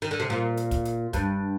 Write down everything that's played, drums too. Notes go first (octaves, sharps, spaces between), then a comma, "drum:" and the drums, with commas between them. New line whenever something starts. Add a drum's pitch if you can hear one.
D#3
D3
C3
A#2
drum: hi-hat
drum: kick, hi-hat
drum: hi-hat
G2, drum: kick, hi-hat